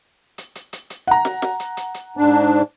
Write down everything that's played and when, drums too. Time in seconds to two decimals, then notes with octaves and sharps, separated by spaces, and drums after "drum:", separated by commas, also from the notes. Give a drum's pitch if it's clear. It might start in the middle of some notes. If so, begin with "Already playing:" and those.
0.38 drum: hi-hat
0.55 drum: hi-hat
0.73 drum: hi-hat
0.90 drum: hi-hat
1.07 F#5 A#5
1.25 drum: snare
1.42 drum: snare
1.60 drum: hi-hat
1.77 drum: hi-hat
1.94 drum: hi-hat
2.17 G#2 D4